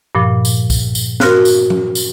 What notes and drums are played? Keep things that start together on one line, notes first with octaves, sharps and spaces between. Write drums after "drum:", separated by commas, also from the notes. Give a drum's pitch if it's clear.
G2 A#2 F3
drum: tambourine
drum: kick C2, tambourine
drum: tambourine
F#4 A#4 C6 F6 F#6, drum: snare
drum: tambourine
drum: tom F3
drum: tambourine